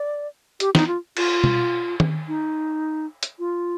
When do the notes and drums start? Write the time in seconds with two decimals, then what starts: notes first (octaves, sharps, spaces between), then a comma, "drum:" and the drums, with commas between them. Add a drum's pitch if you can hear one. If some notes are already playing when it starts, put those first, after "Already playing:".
Already playing: D5
0.60 G4, drum: hi-hat
0.75 D#4, drum: snare
0.88 F4
1.17 F4, drum: cymbal
1.44 drum: tom B2
2.00 drum: tom D#3
2.28 D#4
3.23 drum: hi-hat
3.39 F4